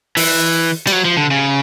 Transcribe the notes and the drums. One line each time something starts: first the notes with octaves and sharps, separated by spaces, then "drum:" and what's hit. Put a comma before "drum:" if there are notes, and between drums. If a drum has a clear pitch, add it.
E3, drum: open hi-hat
G3, drum: cymbal
F#3
F3
D3
C#3